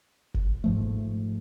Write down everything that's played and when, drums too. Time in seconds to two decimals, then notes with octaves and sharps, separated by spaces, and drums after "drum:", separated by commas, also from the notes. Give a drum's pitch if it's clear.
0.34 drum: kick
0.64 G#2 F3 A3